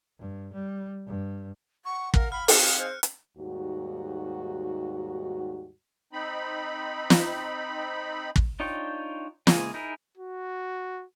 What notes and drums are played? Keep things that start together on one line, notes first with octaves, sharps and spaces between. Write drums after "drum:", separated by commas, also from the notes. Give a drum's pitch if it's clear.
G2
G3
G2
F#5 C#6
A#4 F5, drum: kick
B5 F6
C4 D#4 G#4 F5 G5 F#6 C#7, drum: open hi-hat
C5
drum: hi-hat
D#2 G#2 G3 F#4
C4 D#4 B5
drum: snare
drum: kick
D4 D#4 F4 C#5 G5
C#3 G#3 A#3 G#4, drum: snare
D#4 E4 G#4 A#4
F#4